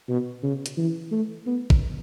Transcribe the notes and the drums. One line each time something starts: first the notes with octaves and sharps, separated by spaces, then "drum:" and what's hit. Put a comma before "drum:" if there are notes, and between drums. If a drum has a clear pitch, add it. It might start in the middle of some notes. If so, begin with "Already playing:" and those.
B2
C#3
drum: hi-hat
E3
A3
B3
drum: kick